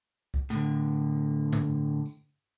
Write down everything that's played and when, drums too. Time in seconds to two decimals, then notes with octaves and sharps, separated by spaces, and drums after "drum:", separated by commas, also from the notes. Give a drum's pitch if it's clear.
0.34 drum: kick
0.50 A2 D3, drum: hi-hat
1.53 drum: tom G2
2.06 drum: tambourine